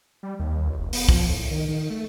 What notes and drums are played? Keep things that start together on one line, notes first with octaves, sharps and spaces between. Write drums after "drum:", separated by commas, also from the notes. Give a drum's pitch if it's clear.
G3
D#2
C#2
F1
B3, drum: open hi-hat
F3, drum: kick
A2
D#3
D#3
A3